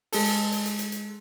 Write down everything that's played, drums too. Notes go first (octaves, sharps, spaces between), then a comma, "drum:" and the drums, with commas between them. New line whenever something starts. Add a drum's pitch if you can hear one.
G#3 A4, drum: open hi-hat
drum: hi-hat
drum: hi-hat
drum: hi-hat
drum: hi-hat
drum: hi-hat